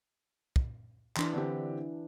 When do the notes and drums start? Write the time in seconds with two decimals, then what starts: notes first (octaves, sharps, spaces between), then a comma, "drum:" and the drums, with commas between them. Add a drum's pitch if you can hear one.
0.56 drum: kick
1.17 E3 D4 C6, drum: clap
1.33 D3 C4 G4